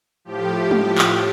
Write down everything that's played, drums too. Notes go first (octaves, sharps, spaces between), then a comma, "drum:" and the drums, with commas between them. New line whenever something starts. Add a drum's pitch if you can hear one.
A2 F3 G4
drum: tom G3
A2 F3 G4, drum: clap